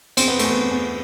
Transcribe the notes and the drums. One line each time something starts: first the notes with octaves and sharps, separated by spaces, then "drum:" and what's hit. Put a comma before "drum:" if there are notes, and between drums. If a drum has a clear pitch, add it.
E2 C4, drum: cymbal
B3
A3, drum: cymbal
E2
B3
E2